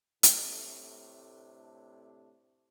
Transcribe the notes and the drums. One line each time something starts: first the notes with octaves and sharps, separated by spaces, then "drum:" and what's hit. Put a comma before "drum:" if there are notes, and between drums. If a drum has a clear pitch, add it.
A2 C3 A3 D4, drum: hi-hat